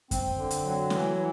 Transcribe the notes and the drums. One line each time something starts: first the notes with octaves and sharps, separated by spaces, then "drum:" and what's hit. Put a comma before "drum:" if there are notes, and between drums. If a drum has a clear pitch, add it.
C4, drum: kick F#2, hi-hat
D3
drum: hi-hat
F#3
E3, drum: snare
E3